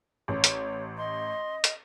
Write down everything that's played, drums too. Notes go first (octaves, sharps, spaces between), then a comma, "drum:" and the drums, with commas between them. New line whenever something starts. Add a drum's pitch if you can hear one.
A1 C#5
drum: hi-hat
D#5 C6
drum: hi-hat